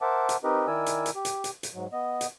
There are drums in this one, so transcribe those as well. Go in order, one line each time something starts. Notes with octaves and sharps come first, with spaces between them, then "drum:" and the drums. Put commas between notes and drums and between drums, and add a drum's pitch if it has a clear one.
A#4 C5 E5 F#5 A5 D6
drum: hi-hat
C4 D#4 G4 A#4 B4 D#5
D#3 E4 A#4 D5 G#5 E6
drum: hi-hat
drum: hi-hat
G4
drum: hi-hat
drum: hi-hat
drum: hi-hat
G#2 F#3
B3 D#5
drum: hi-hat